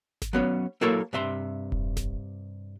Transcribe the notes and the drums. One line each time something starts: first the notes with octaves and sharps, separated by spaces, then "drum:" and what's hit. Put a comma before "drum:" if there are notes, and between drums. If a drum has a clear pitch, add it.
drum: snare G#1
F#3 B3 C#4
F#3 A#3 E4 A4 A#4 C#5
G2 C3 E5 C6
drum: kick E1
drum: snare G#1